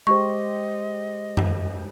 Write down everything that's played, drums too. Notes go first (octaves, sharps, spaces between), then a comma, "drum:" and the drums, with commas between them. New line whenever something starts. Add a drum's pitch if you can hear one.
G#3 G4 C5 D#5 C#6
drum: tom F#2